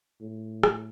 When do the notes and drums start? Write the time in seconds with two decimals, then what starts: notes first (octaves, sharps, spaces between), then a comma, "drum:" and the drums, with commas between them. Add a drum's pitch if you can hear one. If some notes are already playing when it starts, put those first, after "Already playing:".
0.21 A2
0.63 drum: rim click